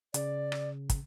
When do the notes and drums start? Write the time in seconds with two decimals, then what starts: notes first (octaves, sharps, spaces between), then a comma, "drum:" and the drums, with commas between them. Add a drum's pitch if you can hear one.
0.14 C#3 D5, drum: hi-hat
0.52 drum: rim click
0.90 drum: kick, hi-hat